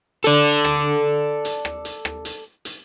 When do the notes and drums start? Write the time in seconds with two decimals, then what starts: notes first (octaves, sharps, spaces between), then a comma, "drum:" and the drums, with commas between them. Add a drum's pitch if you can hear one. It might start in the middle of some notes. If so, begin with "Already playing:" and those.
0.24 A4 D5, drum: hi-hat
0.65 drum: rim click
1.45 drum: hi-hat
1.65 drum: rim click
1.85 drum: hi-hat
2.05 drum: rim click
2.25 drum: hi-hat
2.65 drum: hi-hat